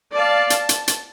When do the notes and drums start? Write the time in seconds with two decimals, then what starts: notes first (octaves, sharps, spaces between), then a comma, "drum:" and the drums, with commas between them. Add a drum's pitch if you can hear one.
0.13 D5 F5 A5
0.50 A5, drum: hi-hat
0.69 drum: hi-hat
0.88 drum: hi-hat